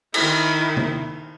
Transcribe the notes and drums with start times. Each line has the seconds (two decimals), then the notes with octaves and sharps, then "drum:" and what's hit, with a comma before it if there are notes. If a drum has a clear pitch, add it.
0.14 D#3 E4, drum: cymbal
0.77 drum: tom